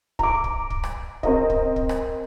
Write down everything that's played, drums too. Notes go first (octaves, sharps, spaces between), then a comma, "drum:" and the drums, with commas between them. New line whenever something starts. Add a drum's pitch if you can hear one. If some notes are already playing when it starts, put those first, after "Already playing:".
A#5 D6, drum: kick
drum: kick
drum: kick
drum: rim click
C4 A#4 D#5, drum: kick
drum: kick
drum: kick
drum: rim click